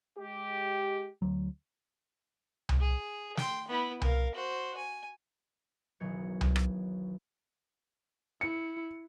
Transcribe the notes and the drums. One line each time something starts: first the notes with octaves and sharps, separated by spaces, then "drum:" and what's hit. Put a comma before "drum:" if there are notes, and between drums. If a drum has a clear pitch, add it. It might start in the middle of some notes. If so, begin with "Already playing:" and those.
G#3 G4
D2 F#3
drum: tom C2
G#4
G5 C6, drum: snare
B3 E4
A#4 F5, drum: tom C2
F#4 C5
G#5
E1 B1 D#3 F#3 G#6 C#7
drum: tom C2
drum: rim click
E4 C#7